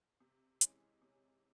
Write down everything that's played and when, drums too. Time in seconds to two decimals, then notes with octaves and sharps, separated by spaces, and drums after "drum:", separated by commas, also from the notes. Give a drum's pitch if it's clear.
0.20 C3
0.61 E3 G#3 C#4, drum: hi-hat
1.02 C3